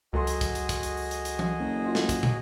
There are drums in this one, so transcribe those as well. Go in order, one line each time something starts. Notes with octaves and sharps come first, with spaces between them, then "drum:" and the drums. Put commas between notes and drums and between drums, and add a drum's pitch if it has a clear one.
C#2 F#3 F#4 G#4 A4 D#5 C6
drum: hi-hat
drum: kick, hi-hat
drum: hi-hat
drum: kick, hi-hat
drum: hi-hat
drum: open hi-hat
drum: hi-hat
drum: hi-hat
drum: tom E3
F#1
F4
drum: snare
drum: kick, hi-hat
drum: tom